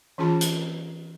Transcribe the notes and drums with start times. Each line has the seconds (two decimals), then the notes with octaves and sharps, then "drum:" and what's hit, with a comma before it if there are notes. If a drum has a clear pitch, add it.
0.18 E3 C#4 F4 G#4 A5 B5
0.41 drum: hi-hat